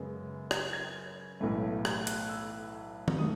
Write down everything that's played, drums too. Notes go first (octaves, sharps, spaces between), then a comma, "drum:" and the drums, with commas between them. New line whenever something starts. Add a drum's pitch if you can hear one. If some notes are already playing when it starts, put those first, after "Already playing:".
Already playing: F#2 C#3 G#3 B3
G#6, drum: rim click
G#6
B1 A2 E3 A3
G#6, drum: rim click
F#6, drum: hi-hat
E6
drum: tom D#3
D#3 F#3 A3 D#6